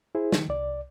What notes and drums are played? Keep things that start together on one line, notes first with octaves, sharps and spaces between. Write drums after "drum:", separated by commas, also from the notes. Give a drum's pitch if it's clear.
E4 G#4 C5
D#3, drum: snare
C2 D5